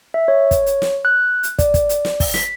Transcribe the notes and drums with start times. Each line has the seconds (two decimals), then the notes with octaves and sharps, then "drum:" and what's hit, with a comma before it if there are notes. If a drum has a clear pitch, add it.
0.14 E5
0.28 C#5
0.51 drum: kick, hi-hat
0.66 drum: hi-hat
0.82 drum: snare
1.05 F#6
1.43 drum: hi-hat
1.59 D5, drum: kick, hi-hat
1.74 drum: kick, hi-hat
1.89 drum: hi-hat
2.05 drum: snare
2.20 drum: kick, open hi-hat
2.34 B6, drum: snare